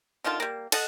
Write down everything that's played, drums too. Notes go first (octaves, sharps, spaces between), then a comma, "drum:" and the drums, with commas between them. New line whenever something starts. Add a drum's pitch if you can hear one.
D3 D#3 F4 A5
G3 A#3
A4 D#5 F#5, drum: cymbal